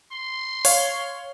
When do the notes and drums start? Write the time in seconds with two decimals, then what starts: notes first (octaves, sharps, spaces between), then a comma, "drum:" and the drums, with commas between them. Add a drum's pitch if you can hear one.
0.12 C6
0.65 C#5 F5, drum: open hi-hat